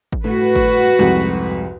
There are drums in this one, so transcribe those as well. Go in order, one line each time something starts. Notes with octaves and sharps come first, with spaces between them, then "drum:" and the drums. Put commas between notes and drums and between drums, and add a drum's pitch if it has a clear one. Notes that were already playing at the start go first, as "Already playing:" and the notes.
drum: kick
A2 F#4 B4
drum: kick
C2 F2 G#2